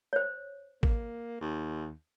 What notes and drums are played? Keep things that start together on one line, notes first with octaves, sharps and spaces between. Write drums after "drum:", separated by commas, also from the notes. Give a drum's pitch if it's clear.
C5 C#5
A#3, drum: kick
D#2